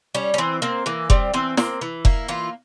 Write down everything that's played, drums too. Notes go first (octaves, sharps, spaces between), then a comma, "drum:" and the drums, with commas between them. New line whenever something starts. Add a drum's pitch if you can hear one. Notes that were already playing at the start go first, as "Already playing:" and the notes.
G3 C#4
C#4
E3 C4
A#3 C4
E3 A#3
G3 C4, drum: kick F1
E3 C4
A#3 C4, drum: snare
E3
A#3 E4, drum: kick F1
E3 F4